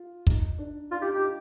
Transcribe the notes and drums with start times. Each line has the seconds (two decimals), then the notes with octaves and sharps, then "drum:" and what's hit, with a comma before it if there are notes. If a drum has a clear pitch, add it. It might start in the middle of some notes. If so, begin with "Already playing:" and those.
Already playing: F4
0.27 D#4, drum: kick
0.58 D4
0.91 D4 F4
0.99 D#4
1.02 G4
1.08 F4
1.12 D#4 G4
1.23 F4